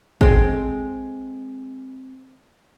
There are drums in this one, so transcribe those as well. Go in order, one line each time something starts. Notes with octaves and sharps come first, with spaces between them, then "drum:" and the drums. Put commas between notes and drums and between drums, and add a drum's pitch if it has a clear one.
G#3 C4, drum: kick